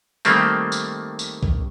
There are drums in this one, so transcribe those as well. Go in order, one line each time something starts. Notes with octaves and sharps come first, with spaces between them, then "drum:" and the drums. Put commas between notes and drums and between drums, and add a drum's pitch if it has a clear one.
D#3 G3 A3 A#3 C4, drum: tambourine
drum: tambourine
drum: tambourine
drum: kick B1